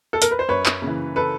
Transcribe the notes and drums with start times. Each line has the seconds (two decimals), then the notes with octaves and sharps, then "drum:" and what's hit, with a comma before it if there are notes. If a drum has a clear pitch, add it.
0.13 A4
0.22 A#4, drum: hi-hat
0.31 B4
0.39 C5
0.48 F#2 B4 C#5
0.66 drum: clap
0.82 C#3
0.87 E3
1.16 A4 B4